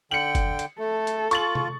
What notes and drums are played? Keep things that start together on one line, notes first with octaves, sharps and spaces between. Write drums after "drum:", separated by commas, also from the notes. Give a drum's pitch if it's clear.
D3 G5 C#7 F#7
drum: kick F#1, hi-hat
drum: hi-hat
A3 A4
drum: hi-hat
F4 C#6 A6 F#7, drum: hi-hat
drum: tom C3